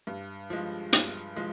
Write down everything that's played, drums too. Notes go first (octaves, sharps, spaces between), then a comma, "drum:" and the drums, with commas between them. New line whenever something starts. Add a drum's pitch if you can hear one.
G2
F3 G#3
G2, drum: hi-hat
F3 G#3